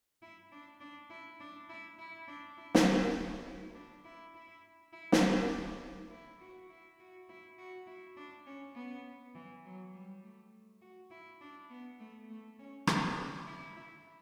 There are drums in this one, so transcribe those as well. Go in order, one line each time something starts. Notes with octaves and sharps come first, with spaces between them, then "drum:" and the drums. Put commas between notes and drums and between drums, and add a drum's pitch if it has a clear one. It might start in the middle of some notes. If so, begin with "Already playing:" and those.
E4
D4
D4
E4
D4
E4
E4
D4
E4
drum: snare
F#4
E4
D4
E4
E4
E4
drum: snare
D4
E4
F#4
E4
F#4
E4
F#4
E4
D4
C#4
B3
E3
F#3
G3
A3
F#4
E4
D4
B3
A3
A3
C#4
D4, drum: rim click
D4
E4
E4